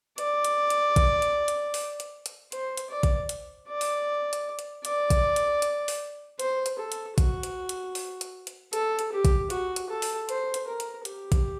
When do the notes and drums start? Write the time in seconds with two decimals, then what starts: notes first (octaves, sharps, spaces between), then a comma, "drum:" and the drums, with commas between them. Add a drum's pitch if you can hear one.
0.18 D5, drum: hi-hat
0.45 drum: hi-hat
0.70 drum: hi-hat
0.96 drum: kick A1, hi-hat
1.22 drum: hi-hat
1.48 drum: hi-hat
1.74 drum: open hi-hat
2.00 drum: hi-hat
2.26 drum: hi-hat
2.52 C5, drum: hi-hat
2.77 drum: hi-hat
2.90 D5
3.03 drum: kick A1, hi-hat
3.29 drum: hi-hat
3.68 D5
3.81 drum: open hi-hat
4.33 drum: hi-hat
4.59 drum: hi-hat
4.85 D5, drum: hi-hat
5.10 drum: kick A1, hi-hat
5.36 drum: hi-hat
5.62 drum: hi-hat
5.88 drum: open hi-hat
6.40 C5, drum: hi-hat
6.66 drum: hi-hat
6.79 A4
6.92 drum: hi-hat
7.18 F#4, drum: kick A1, hi-hat
7.43 drum: hi-hat
7.69 drum: hi-hat
7.95 drum: open hi-hat
8.21 drum: hi-hat
8.47 drum: hi-hat
8.73 A4, drum: hi-hat
8.99 drum: hi-hat
9.12 G4
9.25 drum: kick A1, hi-hat
9.50 F#4, drum: hi-hat
9.76 drum: hi-hat
9.89 A4
10.02 drum: open hi-hat
10.29 C5, drum: hi-hat
10.54 drum: hi-hat
10.67 A#4
10.80 drum: hi-hat
11.05 G4, drum: hi-hat
11.32 drum: kick A1, hi-hat